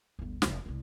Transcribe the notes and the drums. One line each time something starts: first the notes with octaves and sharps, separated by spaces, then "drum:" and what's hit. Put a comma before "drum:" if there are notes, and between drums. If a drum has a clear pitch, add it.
G1 D2
F1 F2, drum: snare
C2 G#3